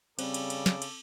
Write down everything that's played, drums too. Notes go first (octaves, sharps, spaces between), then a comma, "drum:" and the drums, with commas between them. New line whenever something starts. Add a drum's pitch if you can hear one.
C#3 G3 C4 A4 D6, drum: cymbal
drum: cymbal
drum: cymbal
drum: snare
drum: cymbal